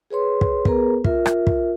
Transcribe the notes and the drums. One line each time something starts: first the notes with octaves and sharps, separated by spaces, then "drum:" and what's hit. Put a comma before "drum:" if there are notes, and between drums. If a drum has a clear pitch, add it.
G#4 B4 C#5 C6
drum: kick
B3 G#4 A#4 B4 A#5, drum: kick
F4 A#4 E5, drum: kick
drum: rim click
drum: kick